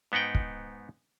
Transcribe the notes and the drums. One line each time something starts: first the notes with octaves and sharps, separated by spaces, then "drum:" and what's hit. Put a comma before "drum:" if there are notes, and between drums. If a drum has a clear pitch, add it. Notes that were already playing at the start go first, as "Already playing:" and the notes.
G#2 B3 D#4 F#5 G5
drum: kick